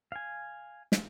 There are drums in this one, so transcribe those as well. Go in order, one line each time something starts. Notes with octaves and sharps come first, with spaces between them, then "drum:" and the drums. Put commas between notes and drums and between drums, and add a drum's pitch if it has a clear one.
F5 G#5
drum: snare